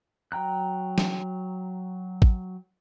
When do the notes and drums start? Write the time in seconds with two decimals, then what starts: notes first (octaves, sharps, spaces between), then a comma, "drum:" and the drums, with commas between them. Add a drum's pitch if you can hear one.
0.32 F#3 G5 A#5 F#6
0.98 drum: snare
2.22 drum: kick